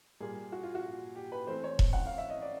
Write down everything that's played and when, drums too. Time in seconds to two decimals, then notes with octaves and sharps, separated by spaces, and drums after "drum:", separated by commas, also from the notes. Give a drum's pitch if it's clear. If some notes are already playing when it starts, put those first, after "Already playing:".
0.20 A#2 G3 A#3 G#4
0.52 F#4
0.63 F4
0.75 F#4
1.16 G4
1.32 B4
1.47 E3 A3 C4 C5
1.64 C#5
1.79 drum: kick E1
1.93 F#5
2.06 F5
2.18 E5
2.30 D#5
2.42 D5